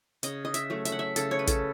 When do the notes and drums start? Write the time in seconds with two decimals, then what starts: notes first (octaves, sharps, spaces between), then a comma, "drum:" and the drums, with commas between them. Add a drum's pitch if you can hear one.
0.23 C#3 D#5, drum: hi-hat
0.45 D#5
0.54 E5, drum: hi-hat
0.70 F#3 A3
0.85 E5, drum: hi-hat
0.92 F#5
0.99 E5
1.16 C#3 A4, drum: hi-hat
1.31 C#5
1.39 B4
1.47 A4, drum: kick, hi-hat